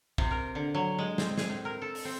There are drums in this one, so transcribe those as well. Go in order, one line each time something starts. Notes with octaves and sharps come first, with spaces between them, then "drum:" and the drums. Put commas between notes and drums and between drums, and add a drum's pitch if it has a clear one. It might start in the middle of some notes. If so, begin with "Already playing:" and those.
C3, drum: kick
A#4
D3
F#3
G#3
C4, drum: snare
G#4, drum: snare
A2
A#4
A4
drum: open hi-hat
C4